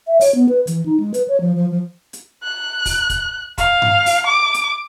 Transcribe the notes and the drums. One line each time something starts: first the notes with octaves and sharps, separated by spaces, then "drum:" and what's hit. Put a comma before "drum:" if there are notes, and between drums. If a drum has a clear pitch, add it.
E5
C#5, drum: open hi-hat
B3
B4
E3, drum: hi-hat
D#4
G#3
B4, drum: hi-hat
C#5
F3
F3
F3
drum: hi-hat
F#6
drum: kick, open hi-hat
drum: kick, hi-hat
F5, drum: kick, hi-hat
drum: tom G2
drum: open hi-hat
D6
drum: hi-hat